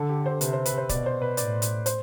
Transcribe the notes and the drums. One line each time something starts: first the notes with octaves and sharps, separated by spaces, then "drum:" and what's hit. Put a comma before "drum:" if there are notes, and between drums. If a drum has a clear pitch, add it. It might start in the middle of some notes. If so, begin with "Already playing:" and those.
Already playing: D3 A4
G4
C5
C3 B4, drum: hi-hat
C5
B4, drum: hi-hat
C5
B2 D5, drum: kick D1, hi-hat
C5
B4
A2 D5, drum: hi-hat
drum: hi-hat
C5, drum: hi-hat